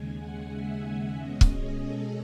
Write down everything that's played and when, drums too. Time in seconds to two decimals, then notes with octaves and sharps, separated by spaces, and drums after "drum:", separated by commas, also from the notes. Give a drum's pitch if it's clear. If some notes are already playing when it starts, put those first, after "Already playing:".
Already playing: D#2 C#3 G#3 G#5
0.18 F#5
0.52 E5
1.18 B2 G#3 C#4 D#5
1.41 drum: kick
1.50 G#4
1.83 A4